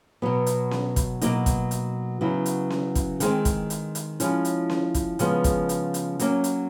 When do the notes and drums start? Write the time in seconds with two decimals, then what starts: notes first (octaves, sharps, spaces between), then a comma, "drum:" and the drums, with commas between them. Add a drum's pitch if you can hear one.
0.22 B2 F#3 B3
0.46 drum: hi-hat
0.71 drum: snare C#4
0.96 drum: kick, hi-hat
1.21 B2 F#3 A#3 D#4, drum: hi-hat
1.46 drum: kick, hi-hat
1.71 drum: hi-hat
2.21 C#3 F#3 B3 E4
2.46 drum: hi-hat
2.70 drum: snare C#4
2.95 drum: kick, hi-hat
3.20 D#3 G#3 C4, drum: hi-hat
3.45 drum: kick, hi-hat
3.70 drum: hi-hat
3.95 drum: hi-hat
4.20 F3 G#3 C#4 E4, drum: hi-hat
4.45 drum: hi-hat
4.70 drum: snare C#4
4.94 drum: kick, hi-hat
5.19 C#3 F3 G#3 B3, drum: hi-hat
5.44 drum: kick, hi-hat
5.69 drum: hi-hat
5.94 drum: hi-hat
6.19 F#3 A#3 C#4, drum: hi-hat
6.44 drum: hi-hat